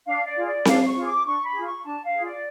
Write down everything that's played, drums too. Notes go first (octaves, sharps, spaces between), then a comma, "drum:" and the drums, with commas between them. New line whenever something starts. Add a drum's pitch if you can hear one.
D4 F5
D5
F4 G#4
D5
D4 F5, drum: snare C4
C#6
F4 G#4
D6
D4 C#6
B5
F4 G#4
C#6
D4 A5
F5
F4 G#4
D5